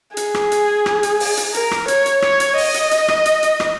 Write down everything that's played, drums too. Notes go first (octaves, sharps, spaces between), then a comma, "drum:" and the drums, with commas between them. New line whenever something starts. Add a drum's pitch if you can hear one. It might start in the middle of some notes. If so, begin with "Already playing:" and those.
G#4, drum: hi-hat
drum: rim click
drum: hi-hat
drum: rim click
drum: hi-hat
drum: open hi-hat
drum: hi-hat
A#4, drum: hi-hat
drum: rim click
C#5, drum: hi-hat
drum: hi-hat
C#5, drum: rim click
drum: hi-hat
D#5, drum: open hi-hat
drum: hi-hat
drum: hi-hat
drum: rim click
drum: hi-hat
drum: hi-hat
drum: rim click